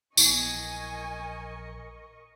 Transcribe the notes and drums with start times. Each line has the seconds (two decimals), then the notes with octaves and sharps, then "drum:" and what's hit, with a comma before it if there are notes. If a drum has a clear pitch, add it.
0.17 A#1 E3 B3 E4 A#4 D#5 G#5 C#6, drum: tambourine